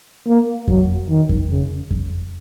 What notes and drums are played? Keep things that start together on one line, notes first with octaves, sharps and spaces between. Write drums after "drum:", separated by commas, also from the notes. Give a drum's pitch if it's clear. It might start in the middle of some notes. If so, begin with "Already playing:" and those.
A#3
F#3, drum: kick F2
D#3
drum: kick F2
C#3
drum: kick F2